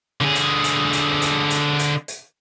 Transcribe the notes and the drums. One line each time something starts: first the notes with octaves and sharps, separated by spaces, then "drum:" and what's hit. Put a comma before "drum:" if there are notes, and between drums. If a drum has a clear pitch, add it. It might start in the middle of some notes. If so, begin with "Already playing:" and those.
D3 G#4
drum: hi-hat
drum: hi-hat
drum: hi-hat
drum: hi-hat
drum: hi-hat
drum: hi-hat
drum: hi-hat